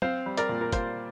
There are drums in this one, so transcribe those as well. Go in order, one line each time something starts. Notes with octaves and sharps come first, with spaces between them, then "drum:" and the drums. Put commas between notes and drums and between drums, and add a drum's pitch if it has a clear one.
C4 C5 F5, drum: tom
G3
A#4 D5, drum: hi-hat
A#2
A#4
F4 C5, drum: kick, hi-hat